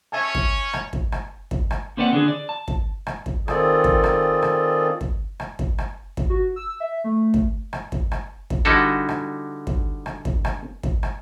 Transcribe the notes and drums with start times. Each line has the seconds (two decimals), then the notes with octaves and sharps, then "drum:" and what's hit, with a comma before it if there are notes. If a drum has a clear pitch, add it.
0.12 C#4 C#5 E5 G#5 A5
0.35 drum: kick
0.73 drum: rim click
0.93 drum: kick
1.12 drum: rim click
1.51 drum: kick
1.71 drum: rim click
1.97 A#3 C4 B4 D5 F#5
2.13 D3 D4 G#4
2.28 D5
2.49 A5
2.68 drum: kick
3.07 drum: rim click
3.26 drum: kick
3.48 D#3 C4 F4 G#4 A4 D5, drum: rim click
3.84 drum: kick
4.04 drum: rim click
4.42 drum: rim click
5.01 drum: kick
5.40 drum: rim click
5.59 drum: kick
5.78 drum: rim click
6.17 drum: kick
6.30 F#4
6.56 E6
6.80 E5
7.04 A3
7.34 drum: kick
7.73 drum: rim click
7.92 drum: kick
8.11 drum: rim click
8.50 drum: kick
8.65 D3 G3 D#4 E4 F#4 A4
9.09 drum: rim click
9.67 drum: kick
10.06 drum: rim click
10.25 drum: kick
10.45 drum: rim click
10.83 drum: kick
11.03 drum: rim click